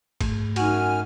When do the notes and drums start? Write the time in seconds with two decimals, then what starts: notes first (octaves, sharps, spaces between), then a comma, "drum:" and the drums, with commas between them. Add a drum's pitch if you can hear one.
0.21 G#2 A3, drum: kick G1, cymbal
0.56 F#2 D#4 F#4 F#5 G#5 F6, drum: cymbal